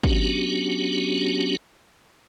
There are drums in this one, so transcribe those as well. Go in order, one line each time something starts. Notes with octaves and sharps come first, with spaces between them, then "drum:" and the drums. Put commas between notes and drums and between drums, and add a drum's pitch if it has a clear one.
F#3 B3 C#4 D4 F#4 G4, drum: kick